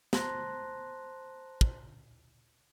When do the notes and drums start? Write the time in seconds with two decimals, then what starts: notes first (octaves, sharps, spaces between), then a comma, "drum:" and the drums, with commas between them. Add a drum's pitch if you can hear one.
0.13 C5 A5 A#5 C6 F#6 A#6, drum: snare
1.61 drum: kick